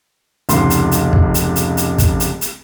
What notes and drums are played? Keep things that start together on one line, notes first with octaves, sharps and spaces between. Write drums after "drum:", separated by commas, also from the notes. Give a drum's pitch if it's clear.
F1 C#2 G#2 C6, drum: hi-hat
drum: hi-hat
drum: hi-hat
drum: kick
drum: hi-hat
drum: hi-hat
drum: hi-hat
drum: kick, hi-hat
drum: hi-hat
drum: hi-hat